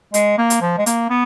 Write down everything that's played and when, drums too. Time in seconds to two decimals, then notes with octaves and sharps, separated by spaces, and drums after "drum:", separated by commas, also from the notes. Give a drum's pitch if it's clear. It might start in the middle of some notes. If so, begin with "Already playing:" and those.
0.14 G#3, drum: hi-hat
0.38 A#3
0.50 drum: hi-hat
0.62 F3
0.78 G#3
0.86 A#3, drum: hi-hat
1.10 B3